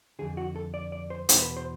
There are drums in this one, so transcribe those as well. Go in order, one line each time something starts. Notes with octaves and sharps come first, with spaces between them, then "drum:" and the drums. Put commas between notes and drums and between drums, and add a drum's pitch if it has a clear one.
F2 D3 G#4
F#4
A4
D5
D5
C5
E2 B2 C5, drum: hi-hat
B4
C5